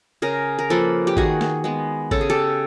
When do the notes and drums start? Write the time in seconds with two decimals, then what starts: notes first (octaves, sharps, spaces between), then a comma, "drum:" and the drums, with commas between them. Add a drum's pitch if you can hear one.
0.22 C#3 G#4 A#4
0.59 A#4
0.70 F3 A#3 A4 B4
1.07 G4
1.17 D#3 F#4 G#4, drum: kick G#1
1.41 drum: snare
1.64 G#3 B3
2.11 C#3 A4, drum: kick G#1
2.21 G#4
2.30 G4 A4